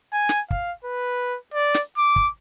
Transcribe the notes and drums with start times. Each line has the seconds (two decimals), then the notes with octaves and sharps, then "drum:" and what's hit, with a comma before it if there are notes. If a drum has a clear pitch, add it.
0.13 G#5
0.29 drum: snare
0.51 F5, drum: kick
0.85 B4
1.54 D5
1.74 drum: snare
1.98 D6
2.16 drum: kick